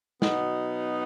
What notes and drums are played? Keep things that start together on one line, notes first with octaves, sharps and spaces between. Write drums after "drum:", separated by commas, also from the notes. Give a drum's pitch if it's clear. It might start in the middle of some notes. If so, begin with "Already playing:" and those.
B2 F#3 B3 D#4, drum: snare